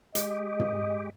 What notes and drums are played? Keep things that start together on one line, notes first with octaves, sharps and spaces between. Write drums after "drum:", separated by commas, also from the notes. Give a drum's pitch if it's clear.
G#3 G4 D#5, drum: hi-hat
drum: tom